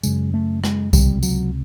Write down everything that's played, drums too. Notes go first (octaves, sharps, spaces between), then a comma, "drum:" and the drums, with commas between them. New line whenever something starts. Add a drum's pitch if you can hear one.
F#2 C#3 G#3, drum: tambourine
A3
G#3, drum: rim click
C#2 C3 G3, drum: kick B1, tambourine
F#3, drum: tambourine